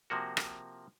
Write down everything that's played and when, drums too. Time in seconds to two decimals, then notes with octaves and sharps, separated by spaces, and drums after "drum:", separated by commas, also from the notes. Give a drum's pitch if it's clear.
0.10 C3 F3 A#3 F#4
0.37 drum: rim click